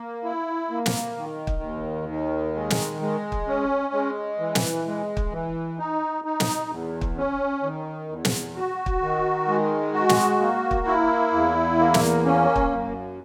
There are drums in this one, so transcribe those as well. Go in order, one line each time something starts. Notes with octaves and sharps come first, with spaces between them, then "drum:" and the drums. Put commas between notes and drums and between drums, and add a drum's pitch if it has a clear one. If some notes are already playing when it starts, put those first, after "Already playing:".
Already playing: A#3
E4
A#3
drum: snare
D#3
drum: kick
D#2
D#3
G#3
drum: snare
G#3
drum: kick
C#4
G#3
E3
drum: snare
G#3
drum: kick
E3
D#4
D#4
drum: snare
E2
drum: kick
C#4
D#3
E2
drum: snare
F#4
drum: kick
D#3
G#3
F#4
drum: snare
A#3
drum: kick
E4
E2
A#3
drum: snare
C#4
drum: kick
F#2